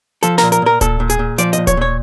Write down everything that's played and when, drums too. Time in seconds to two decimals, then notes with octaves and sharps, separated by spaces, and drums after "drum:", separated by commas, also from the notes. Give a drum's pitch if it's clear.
0.23 F3 A4, drum: hi-hat
0.38 A#2 A#4, drum: snare
0.52 A#4, drum: hi-hat
0.62 A#2 A#4
0.81 A#2 A4, drum: kick D1, hi-hat
1.00 A#2
1.10 G#4, drum: hi-hat
1.19 A#2
1.38 F3 D5, drum: hi-hat
1.53 A#2 D#5, drum: hi-hat
1.67 C#5, drum: kick D1, hi-hat
1.77 A#2 C#5